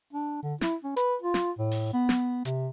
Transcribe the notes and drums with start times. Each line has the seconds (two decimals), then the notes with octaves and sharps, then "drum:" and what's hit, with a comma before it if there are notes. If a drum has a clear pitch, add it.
0.13 D4
0.43 D3
0.61 E4, drum: snare
0.84 C#4
0.97 B4, drum: hi-hat
1.22 F4
1.34 drum: snare
1.59 A2
1.71 drum: open hi-hat
1.93 B3
2.09 drum: snare
2.45 C3, drum: hi-hat